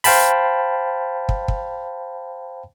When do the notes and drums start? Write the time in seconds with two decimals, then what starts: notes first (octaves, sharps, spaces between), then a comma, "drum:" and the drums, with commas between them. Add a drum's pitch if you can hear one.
0.04 C5 F5 G5 A5 B5, drum: open hi-hat
1.29 drum: kick
1.48 drum: kick